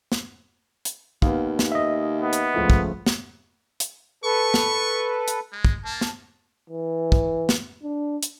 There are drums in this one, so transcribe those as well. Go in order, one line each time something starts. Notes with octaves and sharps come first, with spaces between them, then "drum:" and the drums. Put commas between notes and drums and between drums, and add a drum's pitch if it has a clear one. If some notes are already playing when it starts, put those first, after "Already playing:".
drum: snare
drum: hi-hat
D#2 B3 F5, drum: kick
drum: snare
D#5 E5
B3
drum: hi-hat
C#2 F3 A3
drum: kick
drum: snare
drum: hi-hat
A4 B4 C#6
drum: snare
drum: hi-hat
G#3
drum: kick
A#3 A5
drum: snare
E3
drum: kick
drum: snare
D4
drum: hi-hat